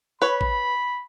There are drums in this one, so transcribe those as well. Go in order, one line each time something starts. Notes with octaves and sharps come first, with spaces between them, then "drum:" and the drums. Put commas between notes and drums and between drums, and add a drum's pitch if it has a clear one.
B4 C#5 B5
drum: kick A1